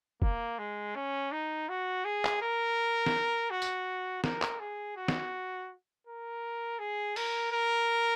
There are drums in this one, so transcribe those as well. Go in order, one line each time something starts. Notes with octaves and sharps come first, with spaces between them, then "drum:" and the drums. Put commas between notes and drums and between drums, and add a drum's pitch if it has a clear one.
A#3, drum: kick
G#3
C#4
D#4
F#4
G#4
drum: clap
A#4
drum: snare
F#4
drum: tambourine
A#4, drum: snare
drum: clap
G#4
F#4
drum: snare
A#4
G#4
A#4, drum: open hi-hat
A#4